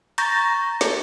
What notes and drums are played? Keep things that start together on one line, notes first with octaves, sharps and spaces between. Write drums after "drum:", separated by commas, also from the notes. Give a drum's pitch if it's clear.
A#5 C#6 G6 A6 A#6, drum: hi-hat
drum: snare